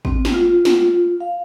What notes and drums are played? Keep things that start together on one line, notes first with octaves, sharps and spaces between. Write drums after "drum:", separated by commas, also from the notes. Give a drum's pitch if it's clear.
C4, drum: kick G#1
drum: snare
F4
drum: snare
F5